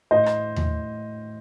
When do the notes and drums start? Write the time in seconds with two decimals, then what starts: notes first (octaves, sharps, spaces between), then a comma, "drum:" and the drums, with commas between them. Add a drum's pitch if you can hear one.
0.11 A2 C5 D#5
0.26 drum: rim click
0.56 drum: tom D#2